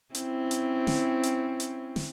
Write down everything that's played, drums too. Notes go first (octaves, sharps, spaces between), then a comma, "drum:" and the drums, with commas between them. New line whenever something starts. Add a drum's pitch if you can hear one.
C4 C#4 E4, drum: hi-hat
drum: hi-hat
drum: snare
drum: hi-hat
drum: hi-hat
drum: snare